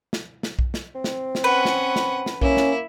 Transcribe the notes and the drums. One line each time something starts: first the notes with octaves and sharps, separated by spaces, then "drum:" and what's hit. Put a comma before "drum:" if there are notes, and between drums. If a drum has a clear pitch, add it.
drum: snare
drum: snare
drum: kick B1
drum: snare
C4
drum: snare
drum: snare
C#4 B4 F#5
drum: snare
drum: snare
drum: snare
A#3 C#4 E4, drum: kick B1
drum: snare